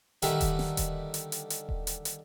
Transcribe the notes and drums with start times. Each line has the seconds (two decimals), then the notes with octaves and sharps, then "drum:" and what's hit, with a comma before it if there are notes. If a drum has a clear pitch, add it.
0.22 D3 D#3 G3 E4 A#4 B4, drum: hi-hat
0.41 drum: kick D#1, hi-hat
0.59 drum: snare
0.77 drum: kick D#1, hi-hat
1.14 drum: hi-hat
1.32 drum: hi-hat
1.50 drum: hi-hat
1.69 drum: kick D#1
1.87 drum: hi-hat
2.05 drum: hi-hat